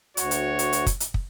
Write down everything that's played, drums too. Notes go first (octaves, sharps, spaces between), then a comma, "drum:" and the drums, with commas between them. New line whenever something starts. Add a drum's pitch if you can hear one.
D2 F#4 C#5, drum: hi-hat
drum: hi-hat
drum: hi-hat
drum: hi-hat
drum: kick, hi-hat
drum: hi-hat
drum: kick